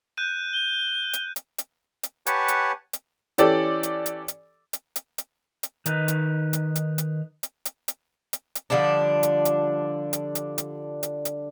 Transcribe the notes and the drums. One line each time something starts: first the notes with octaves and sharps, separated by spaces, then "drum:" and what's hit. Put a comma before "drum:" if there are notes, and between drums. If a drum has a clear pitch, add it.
F#6 G6 D#7
G7
drum: hi-hat
drum: hi-hat
drum: hi-hat
drum: hi-hat
G4 B4 C#5 F#5 G#5 A5, drum: hi-hat
drum: hi-hat
drum: hi-hat
E3 C#4 G4 A4 D5, drum: hi-hat
drum: hi-hat
drum: hi-hat
drum: hi-hat
drum: hi-hat
drum: hi-hat
drum: hi-hat
drum: hi-hat
D#3 D#4 B4, drum: hi-hat
drum: hi-hat
drum: hi-hat
drum: hi-hat
drum: hi-hat
drum: hi-hat
drum: hi-hat
drum: hi-hat
drum: hi-hat
drum: hi-hat
D3 F3 G3 D4
drum: hi-hat
drum: hi-hat
drum: hi-hat
drum: hi-hat
drum: hi-hat
drum: hi-hat
drum: hi-hat